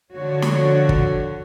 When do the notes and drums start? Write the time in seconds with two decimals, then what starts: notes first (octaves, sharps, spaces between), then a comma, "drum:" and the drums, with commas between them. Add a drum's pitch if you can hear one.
0.14 D3 F3 F#4 C#5
0.42 drum: snare
0.89 drum: kick